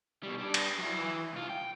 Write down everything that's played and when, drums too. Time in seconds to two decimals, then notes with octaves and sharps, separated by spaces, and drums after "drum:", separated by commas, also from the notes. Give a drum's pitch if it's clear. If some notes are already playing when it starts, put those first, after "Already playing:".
0.23 B2 G3
0.38 G3 D4
0.54 drum: cymbal
0.78 F#3 E4
0.98 E3
1.33 C2 F4
1.50 G5